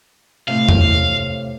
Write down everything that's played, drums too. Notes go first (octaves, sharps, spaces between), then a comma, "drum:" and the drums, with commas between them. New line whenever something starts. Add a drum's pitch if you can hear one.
A2 C3 F5
drum: tom E2